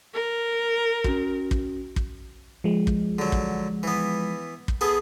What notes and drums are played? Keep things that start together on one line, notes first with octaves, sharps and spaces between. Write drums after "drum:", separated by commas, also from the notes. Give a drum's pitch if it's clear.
A#4
C#4 F#4, drum: kick
drum: kick
drum: kick
F3 G#3
drum: kick
D3 F#3
drum: kick
E3 B3
drum: kick
B3 G#4 A4